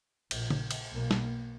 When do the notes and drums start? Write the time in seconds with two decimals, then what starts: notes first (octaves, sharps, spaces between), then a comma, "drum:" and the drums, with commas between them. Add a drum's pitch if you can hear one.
0.31 A#1 A#2, drum: cymbal
0.50 drum: tom
0.71 drum: cymbal
0.90 B1 B2 A#3
1.11 drum: snare